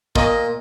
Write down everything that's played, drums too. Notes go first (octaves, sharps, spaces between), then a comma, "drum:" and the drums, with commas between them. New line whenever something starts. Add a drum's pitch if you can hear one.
A#2 D#5, drum: kick